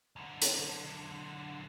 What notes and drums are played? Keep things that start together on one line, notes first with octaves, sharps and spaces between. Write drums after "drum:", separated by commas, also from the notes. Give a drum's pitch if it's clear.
B1 D3
drum: hi-hat